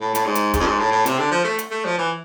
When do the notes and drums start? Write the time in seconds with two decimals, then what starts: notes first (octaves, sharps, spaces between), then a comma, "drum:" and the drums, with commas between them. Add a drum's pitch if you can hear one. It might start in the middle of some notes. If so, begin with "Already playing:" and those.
0.01 A2
0.15 A2, drum: hi-hat
0.26 G#2
0.35 drum: hi-hat
0.54 G#2, drum: kick, hi-hat
0.60 F2
0.67 G#2
0.80 A2
0.92 A2
1.06 C3, drum: hi-hat
1.19 D3
1.32 F3
1.45 A3
1.59 drum: hi-hat
1.71 A3
1.85 F3
1.99 E3